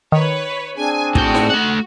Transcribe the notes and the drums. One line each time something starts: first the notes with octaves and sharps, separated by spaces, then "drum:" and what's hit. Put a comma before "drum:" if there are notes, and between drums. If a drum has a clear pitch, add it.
D#3 B4 C#5
C4 D4 G#4 G#5
A2 F#4 G5, drum: kick
drum: snare D#4
A3 F#5